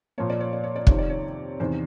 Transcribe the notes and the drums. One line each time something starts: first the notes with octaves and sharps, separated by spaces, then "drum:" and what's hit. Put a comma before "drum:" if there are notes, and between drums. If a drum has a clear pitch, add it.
A#2 F3 A#3 C#5
D5
C#5
D5
C#5
D5
F2 C3 D#3 C#5, drum: kick
D5
C#5
E2 C3 D#3 C5